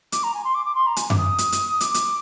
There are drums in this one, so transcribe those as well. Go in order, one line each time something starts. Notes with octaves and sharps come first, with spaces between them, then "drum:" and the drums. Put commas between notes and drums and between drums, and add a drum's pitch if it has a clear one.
D6, drum: hi-hat
A#5
G#5
C6
D6
D6
C6
A#5
G#5, drum: hi-hat
D6, drum: tom F#2
D#6
drum: hi-hat
drum: hi-hat
D6, drum: hi-hat
drum: hi-hat